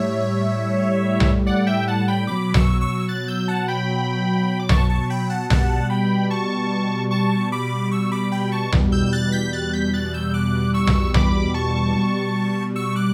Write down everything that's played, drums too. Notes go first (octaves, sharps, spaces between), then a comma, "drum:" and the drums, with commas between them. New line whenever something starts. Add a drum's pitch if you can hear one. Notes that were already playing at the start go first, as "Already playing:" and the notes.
Already playing: A2 G3 C#5 E5
drum: tom B1
D5 F#5
E5 G5
F#5 A5
G5 B5
B2 F#3 B5 D6
C#6 E6, drum: tom B1
C#6 E6
F#6 A6
E6 G6
F#5 A5
G5 B5
D6
A5 C#6, drum: tom B1
A5 C#6
G5 B5
F#5 A5
B2 G3 F#5 A5, drum: tom B1
G5 B5
A5 C#6
A5 C#6
B5 D6
C#6 E6
B5 D6
G5 B5
A5 C#6
E2 B2 G3, drum: tom B1
E6 G6
G6
F#6 A6
G6 B6
F#6 A6
G6 B6
F#6 A6
E6 G6
D6 F#6
C#6 E6
drum: tom B1
B5 D6, drum: tom B1
A5 C#6
B2 G3
C#6 E6
D6 F#6